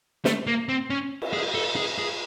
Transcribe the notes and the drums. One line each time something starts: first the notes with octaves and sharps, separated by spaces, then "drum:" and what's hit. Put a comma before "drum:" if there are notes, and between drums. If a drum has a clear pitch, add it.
A3, drum: snare
A#3
C4
C#4
drum: cymbal
G#4
A4
G#4
G#4